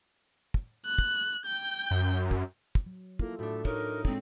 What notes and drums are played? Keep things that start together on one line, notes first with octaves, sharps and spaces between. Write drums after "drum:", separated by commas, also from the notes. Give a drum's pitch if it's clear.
drum: kick
F#6
drum: kick
G5 G6
F#2
drum: kick
drum: kick
F#3
A#3 E4 F4 A4, drum: kick
A2 A3 D4 F#4
D#4 A#4 C#5, drum: kick
G#3 A#3 C4, drum: kick